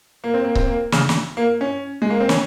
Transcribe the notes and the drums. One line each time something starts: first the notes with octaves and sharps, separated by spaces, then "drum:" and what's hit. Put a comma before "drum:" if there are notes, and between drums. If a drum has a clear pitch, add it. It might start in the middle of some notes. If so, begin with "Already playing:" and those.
A#3
C4
A#3
C4, drum: kick C#1
A#3
C#3, drum: snare
drum: snare
A#3
C#4
G#3
A#3
C4
C#4, drum: snare